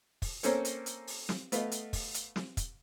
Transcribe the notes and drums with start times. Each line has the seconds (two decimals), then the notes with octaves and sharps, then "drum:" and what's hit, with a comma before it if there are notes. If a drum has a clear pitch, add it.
0.22 drum: kick, open hi-hat
0.43 A#3 C4 C#4 A4 C5 C#5, drum: hi-hat
0.65 drum: hi-hat
0.86 drum: hi-hat
1.07 drum: open hi-hat
1.29 drum: snare
1.52 A3 B3 D#5 F5, drum: hi-hat
1.72 drum: hi-hat
1.93 drum: kick, open hi-hat
2.14 drum: hi-hat
2.36 drum: snare
2.57 drum: kick, hi-hat